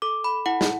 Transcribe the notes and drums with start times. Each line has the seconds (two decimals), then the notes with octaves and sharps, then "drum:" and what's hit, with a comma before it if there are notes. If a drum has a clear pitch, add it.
0.02 A4 D6
0.24 B5
0.46 E4 F#5
0.61 drum: snare